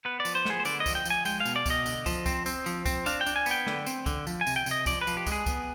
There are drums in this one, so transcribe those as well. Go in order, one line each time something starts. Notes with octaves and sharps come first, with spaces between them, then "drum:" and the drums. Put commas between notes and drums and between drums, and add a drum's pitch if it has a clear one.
B3 B4
D5
F3, drum: tambourine
C5
B3 G#4, drum: snare
C5
D3 D5, drum: tambourine
D#5
F3, drum: kick, tambourine
G5
F3 G#5, drum: tambourine
G#3 G5, drum: tambourine
F5
B2, drum: tambourine
D5
B2 D#5, drum: kick, tambourine
D3, drum: tambourine
F3, drum: kick, tambourine
C4, drum: kick, tambourine
C4, drum: tambourine
F3, drum: tambourine
C4, drum: kick, tambourine
D4 F5, drum: tambourine
G5
D4, drum: tambourine
G#5
B3, drum: tambourine
G5
D3, drum: snare
C4, drum: tambourine
D3, drum: kick, tambourine
F3, drum: tambourine
G#5
C3, drum: tambourine
G5
C3 D#5, drum: tambourine
F3 D5, drum: kick, tambourine
B4
F3, drum: tambourine
G4
G#3, drum: kick, tambourine
G#4
B3, drum: kick, tambourine